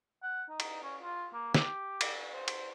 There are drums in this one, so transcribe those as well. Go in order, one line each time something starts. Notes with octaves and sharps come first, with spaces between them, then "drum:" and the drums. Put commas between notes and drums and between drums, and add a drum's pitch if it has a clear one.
F#5
D#4
drum: cymbal
C#4
F4
A#3
G4, drum: snare
drum: cymbal
C5
drum: cymbal